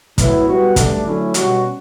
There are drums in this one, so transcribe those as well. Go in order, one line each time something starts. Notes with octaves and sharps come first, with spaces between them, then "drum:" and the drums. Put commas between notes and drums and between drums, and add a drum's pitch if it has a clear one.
A2 F#3 B3 E4, drum: kick, hi-hat
G3 B3 F#4
G2 D3 A3 D4, drum: kick, hi-hat
D3 F#3 A3 C#4 E4
B2 G3 C#4 F#4, drum: hi-hat